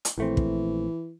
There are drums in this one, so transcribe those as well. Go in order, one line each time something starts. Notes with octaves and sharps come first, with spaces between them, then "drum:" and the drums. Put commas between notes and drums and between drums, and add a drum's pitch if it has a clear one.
drum: hi-hat
A#1 E3 A3 C4
drum: kick